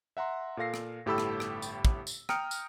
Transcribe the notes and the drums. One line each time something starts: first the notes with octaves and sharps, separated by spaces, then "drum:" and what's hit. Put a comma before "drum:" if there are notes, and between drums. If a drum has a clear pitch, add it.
E5 F#5 A#5 C6
A#2 A4 F5 A#6 C7
drum: rim click
G1 A2 G4 A4 B5 E6
drum: rim click
drum: rim click
drum: tambourine
drum: kick
drum: tambourine
G5 A#5 D#6 F6 C#7 D7, drum: rim click
drum: tambourine